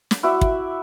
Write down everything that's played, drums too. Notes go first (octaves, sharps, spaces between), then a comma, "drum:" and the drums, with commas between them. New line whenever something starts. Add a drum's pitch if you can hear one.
drum: snare
E4 F#4 D5 E5
drum: kick